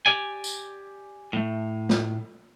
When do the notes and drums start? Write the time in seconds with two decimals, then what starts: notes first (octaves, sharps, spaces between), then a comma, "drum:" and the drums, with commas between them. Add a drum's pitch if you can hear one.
0.06 G4 D5 G#5
0.44 drum: tambourine
1.33 A2 A3
1.89 drum: snare